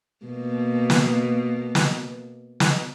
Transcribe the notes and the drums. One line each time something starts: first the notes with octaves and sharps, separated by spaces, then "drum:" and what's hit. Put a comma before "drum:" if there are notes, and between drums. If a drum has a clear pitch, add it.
B2 A#3
drum: snare
drum: snare
drum: snare